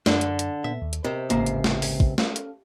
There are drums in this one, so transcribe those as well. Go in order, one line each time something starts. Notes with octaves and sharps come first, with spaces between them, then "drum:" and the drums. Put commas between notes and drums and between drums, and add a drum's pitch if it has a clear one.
F#2 D3 D4, drum: snare
drum: hi-hat
drum: hi-hat
A#2 B3 E5
D#2
drum: hi-hat
C3 A#4 C5 D#5
G#1 C#2 A2 A#3 C5 C7, drum: hi-hat
drum: hi-hat
drum: snare
drum: open hi-hat
drum: kick
C#4 A4 F5, drum: snare
drum: hi-hat